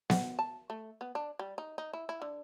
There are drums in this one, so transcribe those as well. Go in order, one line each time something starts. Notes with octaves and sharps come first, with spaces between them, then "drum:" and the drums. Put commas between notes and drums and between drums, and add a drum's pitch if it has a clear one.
F#5, drum: snare B3
A5
A3
B3
D4
G3
D#4
D#4
E4
E4
D3